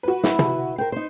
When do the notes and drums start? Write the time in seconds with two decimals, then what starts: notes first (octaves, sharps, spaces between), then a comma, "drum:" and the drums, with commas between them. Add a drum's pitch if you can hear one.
0.03 F#4 B4
0.24 E4, drum: snare
0.39 drum: tom
0.78 A#4 C5 G5
0.92 D#4 C5